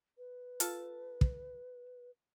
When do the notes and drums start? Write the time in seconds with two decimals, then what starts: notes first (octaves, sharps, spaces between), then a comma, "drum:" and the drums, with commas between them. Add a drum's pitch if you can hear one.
0.18 B4
0.60 F4 A4 A5, drum: hi-hat
1.21 drum: kick